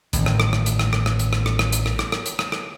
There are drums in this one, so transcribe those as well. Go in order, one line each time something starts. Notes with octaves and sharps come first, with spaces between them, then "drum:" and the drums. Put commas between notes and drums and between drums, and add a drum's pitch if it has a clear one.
A1 A2 D#3, drum: hi-hat
drum: rim click
drum: rim click
drum: rim click
drum: hi-hat
drum: rim click
drum: rim click
drum: rim click
drum: hi-hat
drum: rim click
drum: rim click
drum: rim click
drum: hi-hat
drum: rim click
drum: rim click
drum: rim click
drum: hi-hat
drum: rim click
drum: rim click